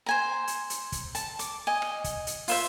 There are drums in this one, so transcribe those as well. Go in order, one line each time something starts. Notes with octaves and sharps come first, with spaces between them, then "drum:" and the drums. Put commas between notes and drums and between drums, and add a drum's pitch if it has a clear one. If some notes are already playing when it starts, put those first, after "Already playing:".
C5 G#5 A#5
drum: hi-hat
drum: hi-hat
drum: kick, hi-hat
A5, drum: hi-hat
D6, drum: hi-hat
D#5 G#5
drum: rim click
drum: kick, hi-hat
drum: hi-hat
F4 C5 E5, drum: open hi-hat